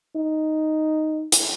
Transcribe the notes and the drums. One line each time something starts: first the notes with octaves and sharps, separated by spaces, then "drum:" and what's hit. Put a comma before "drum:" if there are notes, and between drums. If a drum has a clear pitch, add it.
D#4
drum: hi-hat